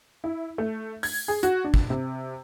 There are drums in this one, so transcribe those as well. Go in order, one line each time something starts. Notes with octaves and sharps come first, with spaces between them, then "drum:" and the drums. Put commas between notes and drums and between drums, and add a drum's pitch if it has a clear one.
E4
A3
G#6, drum: open hi-hat
G#4
F#4, drum: hi-hat
D4
drum: kick
C3